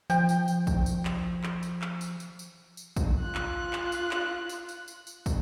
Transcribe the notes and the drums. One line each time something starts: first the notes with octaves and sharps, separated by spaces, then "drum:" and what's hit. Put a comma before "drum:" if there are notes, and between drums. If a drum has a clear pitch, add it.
F3 G5, drum: tambourine
drum: tambourine
drum: tambourine
drum: kick, tambourine
drum: tambourine
drum: clap
drum: clap
drum: tambourine
drum: clap
drum: tambourine
drum: tambourine
drum: tambourine
drum: tambourine
drum: kick, tambourine
F4 F#6
drum: clap
drum: clap
drum: tambourine
drum: clap
drum: tambourine
drum: tambourine
drum: tambourine
drum: tambourine
drum: kick, tambourine